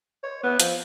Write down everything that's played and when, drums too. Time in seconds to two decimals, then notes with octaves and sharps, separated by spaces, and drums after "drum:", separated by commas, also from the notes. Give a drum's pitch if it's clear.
0.23 C#5
0.43 B3
0.60 F3, drum: hi-hat